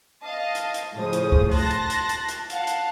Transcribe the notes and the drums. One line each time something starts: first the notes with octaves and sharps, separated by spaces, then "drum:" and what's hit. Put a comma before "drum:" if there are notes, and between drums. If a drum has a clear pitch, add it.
D#5 F5 A5
drum: hi-hat
drum: hi-hat
A2 C#3 F3 D#6
drum: hi-hat
drum: kick
A5 C6 F#6 A6 A#6, drum: open hi-hat
drum: hi-hat
drum: hi-hat
drum: hi-hat
drum: hi-hat
F5 F#5 A5, drum: hi-hat
drum: hi-hat